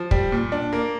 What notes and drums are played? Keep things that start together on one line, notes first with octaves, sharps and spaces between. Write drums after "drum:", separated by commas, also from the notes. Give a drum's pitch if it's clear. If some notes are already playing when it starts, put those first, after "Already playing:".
Already playing: F3
G3, drum: kick
A#2
D4
A#3